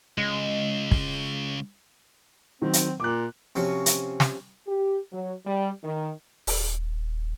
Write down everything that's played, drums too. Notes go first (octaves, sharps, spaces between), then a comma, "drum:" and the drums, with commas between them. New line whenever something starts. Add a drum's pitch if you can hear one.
C#2 G#3
drum: kick
D#3 F#3 C4
drum: hi-hat
A#2 D6 F#6
C3 F3 C#4 F#4
drum: hi-hat
drum: snare
G4
F#3
G3
D#3
D#1, drum: open hi-hat